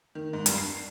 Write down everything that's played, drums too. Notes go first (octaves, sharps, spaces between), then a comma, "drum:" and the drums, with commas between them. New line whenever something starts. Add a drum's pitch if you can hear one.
D#3
G#2
G2, drum: hi-hat
C7